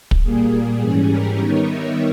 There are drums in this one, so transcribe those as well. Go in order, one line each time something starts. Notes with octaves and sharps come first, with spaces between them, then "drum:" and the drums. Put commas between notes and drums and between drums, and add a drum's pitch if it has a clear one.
drum: kick
A#2 G3 A#3 G#4
G#4
G#2 E3 G3 C#4 G#4
G4 A#4
D#3 G3 B3 D#4 A#4 C#5
C#5 E5